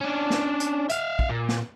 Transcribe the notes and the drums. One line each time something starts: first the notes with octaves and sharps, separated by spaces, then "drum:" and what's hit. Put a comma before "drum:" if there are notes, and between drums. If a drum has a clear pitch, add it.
C#4 D4
drum: snare
drum: hi-hat
E5 F5, drum: hi-hat
drum: kick
A#2
drum: snare